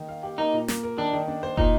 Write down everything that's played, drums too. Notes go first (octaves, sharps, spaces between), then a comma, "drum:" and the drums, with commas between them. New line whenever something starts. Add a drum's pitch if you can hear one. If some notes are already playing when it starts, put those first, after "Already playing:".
Already playing: D#3
F5
G4
A#3 D#4
A#2
A#3, drum: snare
A#4
D#3 D4
D#3
D4
C5
A#2 D#4, drum: kick